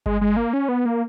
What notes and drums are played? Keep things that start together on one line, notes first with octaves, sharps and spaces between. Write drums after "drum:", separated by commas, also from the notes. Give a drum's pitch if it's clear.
G#3, drum: kick G1
G#3
A#3
C#4
B3
A#3